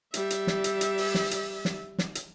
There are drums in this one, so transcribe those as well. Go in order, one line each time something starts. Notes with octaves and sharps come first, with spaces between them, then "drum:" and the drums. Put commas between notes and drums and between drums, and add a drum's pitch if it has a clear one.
G3 E5, drum: hi-hat
drum: hi-hat
drum: snare
drum: hi-hat
drum: hi-hat
drum: open hi-hat
drum: snare
drum: hi-hat
drum: snare
drum: snare
drum: hi-hat